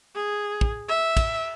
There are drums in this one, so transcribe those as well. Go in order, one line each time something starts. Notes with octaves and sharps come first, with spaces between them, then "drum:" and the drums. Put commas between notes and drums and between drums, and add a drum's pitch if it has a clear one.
G#4
drum: kick
E5
drum: kick, cymbal